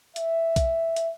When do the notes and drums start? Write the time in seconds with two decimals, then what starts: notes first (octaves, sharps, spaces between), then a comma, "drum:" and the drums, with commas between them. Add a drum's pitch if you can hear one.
0.16 E5, drum: hi-hat
0.56 drum: kick B1, hi-hat
0.96 drum: hi-hat